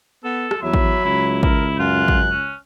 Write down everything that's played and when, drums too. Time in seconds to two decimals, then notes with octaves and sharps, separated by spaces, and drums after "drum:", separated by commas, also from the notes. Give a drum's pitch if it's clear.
0.24 B3 A4
0.51 drum: rim click
0.63 E2 F#3 E5 B5
0.74 drum: kick
1.05 C#2 E4
1.43 E4 A#4, drum: kick
1.79 F#2 F4 F#6
2.08 drum: kick
2.31 C#4